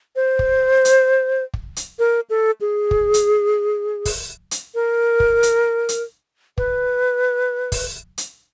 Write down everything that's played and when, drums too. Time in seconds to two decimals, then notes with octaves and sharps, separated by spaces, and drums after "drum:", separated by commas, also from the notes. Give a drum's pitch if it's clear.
0.16 C5
0.39 drum: kick
0.85 drum: hi-hat
1.54 drum: kick
1.76 drum: hi-hat
1.99 A#4
2.30 A4
2.61 G#4
2.91 drum: kick
3.14 drum: hi-hat
4.05 drum: kick, open hi-hat
4.51 drum: hi-hat
4.75 A#4
5.20 drum: kick
5.43 drum: hi-hat
5.89 drum: hi-hat
6.58 B4, drum: kick
7.72 drum: kick, open hi-hat
8.18 drum: hi-hat